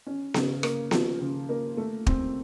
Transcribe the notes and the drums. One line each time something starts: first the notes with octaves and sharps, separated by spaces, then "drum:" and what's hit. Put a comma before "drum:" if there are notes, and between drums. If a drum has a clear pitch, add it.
C#4
C#3, drum: snare B3
A#3, drum: rim click
F3, drum: snare B3
C#3
A#3
A3
C4, drum: kick